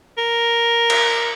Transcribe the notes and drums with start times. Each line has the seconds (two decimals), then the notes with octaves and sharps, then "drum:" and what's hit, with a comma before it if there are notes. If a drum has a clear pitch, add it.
0.18 A#4
0.90 drum: cymbal